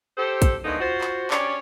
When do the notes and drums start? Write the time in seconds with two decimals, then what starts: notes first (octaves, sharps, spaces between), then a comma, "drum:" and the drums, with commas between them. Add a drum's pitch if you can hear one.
0.17 G4 A4 C5
0.42 drum: kick, hi-hat
0.64 A2 D3 G#3 A#3 B3 D#4
0.80 F4 F#4 C5
1.01 drum: clap
1.31 C#4 D4 G4 C#5 D5, drum: clap